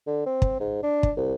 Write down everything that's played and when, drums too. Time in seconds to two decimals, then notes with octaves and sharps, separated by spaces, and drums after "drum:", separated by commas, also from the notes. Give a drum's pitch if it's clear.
0.07 D3
0.26 C4
0.42 drum: kick
0.60 G#2
0.83 D4
1.03 drum: kick
1.17 C2